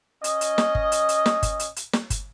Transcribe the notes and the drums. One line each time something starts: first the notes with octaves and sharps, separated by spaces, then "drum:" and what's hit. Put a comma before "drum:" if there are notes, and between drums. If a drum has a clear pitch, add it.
C#4 D#5, drum: hi-hat
drum: hi-hat
drum: snare
drum: kick G1
drum: hi-hat
drum: hi-hat
drum: snare
drum: kick G1, hi-hat
drum: hi-hat
drum: hi-hat
drum: snare
drum: kick G1, hi-hat